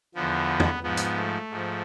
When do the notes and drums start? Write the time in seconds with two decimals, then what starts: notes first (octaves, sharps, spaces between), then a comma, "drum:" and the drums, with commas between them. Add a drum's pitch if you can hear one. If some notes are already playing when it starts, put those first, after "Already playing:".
0.15 E2 D3 F3 B3
0.60 drum: tom
0.83 G#2 F3 B3
0.97 drum: hi-hat
1.16 A3
1.51 G#2 F3